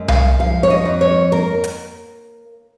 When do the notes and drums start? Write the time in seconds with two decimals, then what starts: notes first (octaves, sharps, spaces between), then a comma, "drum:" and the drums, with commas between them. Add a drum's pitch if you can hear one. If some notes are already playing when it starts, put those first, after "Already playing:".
Already playing: F#2 G#3
0.08 F5, drum: tom C2
0.39 F3 F5
0.63 C#5
0.70 D#5
0.85 F2
1.01 C#5
1.32 A#3 A#4
1.64 drum: hi-hat